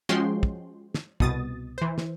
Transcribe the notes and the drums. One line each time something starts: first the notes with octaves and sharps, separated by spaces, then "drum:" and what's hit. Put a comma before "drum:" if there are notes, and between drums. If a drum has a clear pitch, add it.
F3 G#3 C#4 F#4 G5 C6
drum: kick
drum: snare
C2 B2 D#6 A6, drum: kick
E3 C5
drum: snare